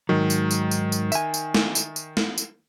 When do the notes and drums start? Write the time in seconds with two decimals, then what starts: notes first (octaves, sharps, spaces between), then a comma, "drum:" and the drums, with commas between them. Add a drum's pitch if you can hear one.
0.09 G#2 D#3 F#3
0.30 drum: tambourine
0.51 drum: tambourine
0.71 drum: tambourine
0.92 drum: tambourine
1.12 E5 G#5, drum: tambourine
1.34 drum: tambourine
1.55 drum: snare
1.75 drum: tambourine
1.96 drum: tambourine
2.17 drum: snare
2.38 drum: tambourine